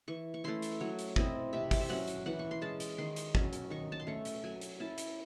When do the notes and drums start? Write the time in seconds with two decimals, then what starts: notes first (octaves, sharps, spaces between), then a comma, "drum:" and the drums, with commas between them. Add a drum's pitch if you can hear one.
0.08 E3 C#6
0.34 C#6
0.44 A3 C#4 E4 C6
0.62 drum: hi-hat
0.81 F#3 C#5
0.99 drum: hi-hat
1.16 C4 E4 D#5, drum: kick
1.53 C3 E5
1.71 drum: kick, open hi-hat
1.81 E5
1.89 F#3 C#4 F#5
2.08 drum: hi-hat
2.26 E3 F#5
2.39 C#6
2.51 C6
2.61 G#3 C#4 A5
2.80 drum: hi-hat
2.98 D#3 C6
3.16 drum: hi-hat
3.35 F#3 C#4, drum: kick
3.53 drum: hi-hat
3.70 D#3 C#6
3.92 A5
4.00 C6
4.07 A3 C#4 C#6
4.25 drum: hi-hat
4.44 F#3 G#5
4.61 drum: hi-hat
4.80 C#4 E4 A5
4.98 drum: hi-hat